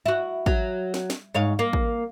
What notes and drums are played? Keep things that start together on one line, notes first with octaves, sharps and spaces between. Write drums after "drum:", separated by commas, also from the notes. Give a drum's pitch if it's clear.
E4 F#4
F#3, drum: kick
drum: snare
drum: snare
G#2 C#5 F5
A#3
drum: kick